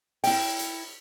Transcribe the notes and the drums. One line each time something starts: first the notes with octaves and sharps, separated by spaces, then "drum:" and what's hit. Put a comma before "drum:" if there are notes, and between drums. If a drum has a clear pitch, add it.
E4 G5, drum: open hi-hat
drum: hi-hat